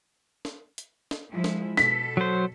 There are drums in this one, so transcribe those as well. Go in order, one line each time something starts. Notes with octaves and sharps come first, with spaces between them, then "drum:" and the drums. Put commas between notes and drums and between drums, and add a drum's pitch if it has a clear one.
drum: snare
drum: hi-hat
drum: snare
F3 G#3 E4
drum: snare
B2 A4 B6, drum: snare
F#3 C5